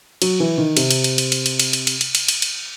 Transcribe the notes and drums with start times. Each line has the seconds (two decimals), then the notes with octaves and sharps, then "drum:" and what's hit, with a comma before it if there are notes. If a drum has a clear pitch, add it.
0.22 F#3, drum: cymbal
0.40 E3
0.58 D#3
0.77 C3, drum: cymbal
0.91 drum: cymbal
1.04 drum: cymbal
1.18 drum: cymbal
1.32 drum: cymbal
1.46 drum: cymbal
1.59 drum: cymbal
1.73 drum: cymbal
1.87 drum: cymbal
2.01 drum: cymbal
2.15 drum: cymbal
2.28 drum: cymbal
2.42 drum: cymbal